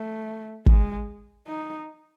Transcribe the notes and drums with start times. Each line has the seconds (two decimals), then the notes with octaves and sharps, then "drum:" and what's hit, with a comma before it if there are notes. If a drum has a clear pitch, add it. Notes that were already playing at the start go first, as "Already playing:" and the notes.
Already playing: A3
0.66 G#3, drum: kick
1.47 D#4